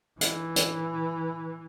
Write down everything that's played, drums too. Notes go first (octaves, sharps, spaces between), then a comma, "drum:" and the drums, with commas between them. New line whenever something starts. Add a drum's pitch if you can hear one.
E3, drum: hi-hat
drum: hi-hat